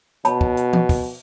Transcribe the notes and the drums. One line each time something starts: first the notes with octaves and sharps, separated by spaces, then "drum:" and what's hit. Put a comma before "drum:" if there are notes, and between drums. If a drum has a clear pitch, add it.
B2 C#5 A5 B5, drum: hi-hat
drum: kick
drum: hi-hat
drum: tom E3
drum: kick, open hi-hat